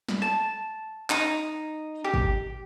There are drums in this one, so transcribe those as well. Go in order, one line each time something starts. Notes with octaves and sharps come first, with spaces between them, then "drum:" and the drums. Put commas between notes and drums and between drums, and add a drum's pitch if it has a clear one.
drum: snare
A5
D#4, drum: clap
G4
drum: kick